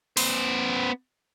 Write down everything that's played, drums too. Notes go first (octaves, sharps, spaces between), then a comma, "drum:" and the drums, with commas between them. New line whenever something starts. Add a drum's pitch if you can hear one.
B3 C5, drum: open hi-hat